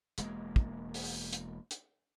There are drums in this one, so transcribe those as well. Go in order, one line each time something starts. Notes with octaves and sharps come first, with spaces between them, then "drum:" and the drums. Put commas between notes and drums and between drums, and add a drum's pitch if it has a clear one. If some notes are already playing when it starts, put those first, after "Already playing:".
E1 G#3 A#3, drum: hi-hat
drum: kick
drum: open hi-hat
drum: hi-hat
drum: hi-hat